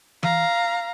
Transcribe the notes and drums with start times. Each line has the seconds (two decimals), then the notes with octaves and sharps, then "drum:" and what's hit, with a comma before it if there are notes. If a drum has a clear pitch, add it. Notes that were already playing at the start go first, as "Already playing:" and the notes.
0.23 F5 A#5, drum: tom E3